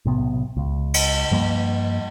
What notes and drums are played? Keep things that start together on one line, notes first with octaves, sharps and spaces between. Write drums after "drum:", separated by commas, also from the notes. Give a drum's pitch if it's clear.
B1 A2 C3 B3
C#2
drum: cymbal
G2 F3 G3 A#3